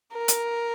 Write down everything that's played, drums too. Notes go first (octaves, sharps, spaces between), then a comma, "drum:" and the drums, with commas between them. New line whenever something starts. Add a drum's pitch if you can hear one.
A#4
drum: hi-hat